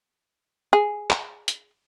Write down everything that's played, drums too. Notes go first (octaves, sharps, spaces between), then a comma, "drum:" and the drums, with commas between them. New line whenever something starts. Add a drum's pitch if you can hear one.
G#4
drum: clap
drum: hi-hat